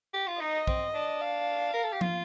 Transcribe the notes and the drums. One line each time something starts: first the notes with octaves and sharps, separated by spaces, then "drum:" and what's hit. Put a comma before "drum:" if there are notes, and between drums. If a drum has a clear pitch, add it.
G4
F4
D#4 D#5
C4, drum: kick
D4
F5
A#4
A4
G4
F4, drum: tom F3